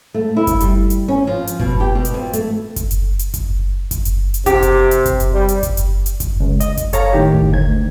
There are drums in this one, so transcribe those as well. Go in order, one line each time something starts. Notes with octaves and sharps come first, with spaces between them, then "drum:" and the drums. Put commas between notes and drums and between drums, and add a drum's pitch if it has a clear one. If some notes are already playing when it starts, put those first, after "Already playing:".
A3
E4
drum: kick F#1, hi-hat
G3, drum: hi-hat
drum: hi-hat
C#4
F3
drum: hi-hat
B2, drum: kick F#1
G4
B2
drum: hi-hat
F2
A3, drum: hi-hat
drum: kick F#1, hi-hat
drum: hi-hat
drum: hi-hat
drum: kick F#1, hi-hat
drum: kick F#1, hi-hat
drum: hi-hat
drum: hi-hat
C3 G4, drum: kick F#1, hi-hat
drum: hi-hat
drum: hi-hat
drum: kick F#1, hi-hat
drum: hi-hat
G3
drum: hi-hat
drum: kick F#1, hi-hat
drum: hi-hat
drum: hi-hat
drum: kick F#1, hi-hat
C#2
D#5, drum: hi-hat
drum: kick F#1, hi-hat
A4 C#5 F5 A#5, drum: hi-hat
A2 D#3 G4
drum: kick F#1
D2 G#6